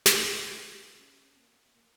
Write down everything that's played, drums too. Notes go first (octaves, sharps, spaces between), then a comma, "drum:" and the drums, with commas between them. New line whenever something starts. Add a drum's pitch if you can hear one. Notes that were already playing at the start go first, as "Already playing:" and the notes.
drum: snare
C4
A3
A#3
A3
A#3
C#4
C#4
C4
A#3
A#3